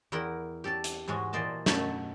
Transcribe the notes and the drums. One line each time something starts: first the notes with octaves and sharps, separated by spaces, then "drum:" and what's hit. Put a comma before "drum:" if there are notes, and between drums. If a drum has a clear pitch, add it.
E2 E4 A#4 F#5 G5
G4 A4 D5 A5
drum: hi-hat
G#2 E3 G#3 F#4 C#5
A#2 E3 C5 D5 D#5 A5
F#2 B2 A3, drum: snare